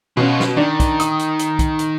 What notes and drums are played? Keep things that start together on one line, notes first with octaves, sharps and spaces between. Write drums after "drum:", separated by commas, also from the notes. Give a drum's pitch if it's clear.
B2 C#4 F4 F#4
drum: snare
D#3 D4
drum: kick, hi-hat
D#6, drum: hi-hat
drum: hi-hat
drum: hi-hat
drum: kick, hi-hat
drum: hi-hat